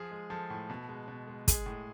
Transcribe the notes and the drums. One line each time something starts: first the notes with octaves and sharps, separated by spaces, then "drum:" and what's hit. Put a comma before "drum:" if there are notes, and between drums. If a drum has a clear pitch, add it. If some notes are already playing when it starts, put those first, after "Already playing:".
Already playing: F3 G#4
G#3
F3 A4
A2
B2
G#3
B2
G#3
G#3 G#4, drum: kick, hi-hat
A2